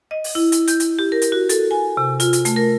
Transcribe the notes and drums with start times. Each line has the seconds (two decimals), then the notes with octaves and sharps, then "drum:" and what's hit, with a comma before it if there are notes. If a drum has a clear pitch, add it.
0.11 D#5
0.24 drum: open hi-hat
0.35 E4
0.52 drum: hi-hat
0.68 G6, drum: hi-hat
0.80 drum: hi-hat
0.99 G4
1.12 A#4
1.22 drum: hi-hat
1.32 F#4
1.49 A4, drum: hi-hat
1.71 G#5
1.97 C3
2.20 F4, drum: hi-hat
2.33 drum: hi-hat
2.45 A3, drum: hi-hat
2.56 A#4